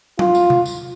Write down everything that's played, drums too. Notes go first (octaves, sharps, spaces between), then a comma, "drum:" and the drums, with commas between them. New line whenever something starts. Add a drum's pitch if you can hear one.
F4, drum: tom F#3
drum: tambourine
drum: tom C3
drum: tambourine